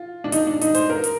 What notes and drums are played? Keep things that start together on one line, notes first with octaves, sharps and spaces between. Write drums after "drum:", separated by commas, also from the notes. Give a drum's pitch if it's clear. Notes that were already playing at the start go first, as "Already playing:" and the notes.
Already playing: F4
D4
D#4, drum: hi-hat
D4
D#4, drum: hi-hat
C5, drum: hi-hat
A#4
drum: hi-hat